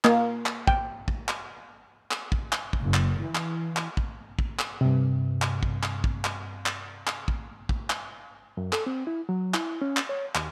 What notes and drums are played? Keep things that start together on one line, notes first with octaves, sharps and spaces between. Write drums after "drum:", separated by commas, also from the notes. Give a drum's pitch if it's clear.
A#3, drum: clap
drum: clap
G5, drum: kick
drum: kick
drum: clap
drum: clap
drum: kick
drum: clap
drum: kick
F#1
drum: clap
E3
drum: clap
drum: clap
drum: kick
drum: kick
drum: clap
G2 C3
drum: clap
drum: kick
drum: clap
drum: kick
drum: clap
drum: clap
drum: clap
drum: kick
drum: kick
drum: clap
F#2
A4, drum: clap
C4
E4
F#3
E4, drum: clap
C#4
drum: clap
C#5
D#2, drum: clap